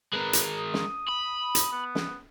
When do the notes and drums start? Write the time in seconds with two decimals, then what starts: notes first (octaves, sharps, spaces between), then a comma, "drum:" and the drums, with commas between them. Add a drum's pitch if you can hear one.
0.13 G#3 A#4 B4
0.33 drum: hi-hat
0.58 D#6
0.74 drum: snare
1.08 B5
1.55 drum: hi-hat
1.72 B3
1.95 drum: snare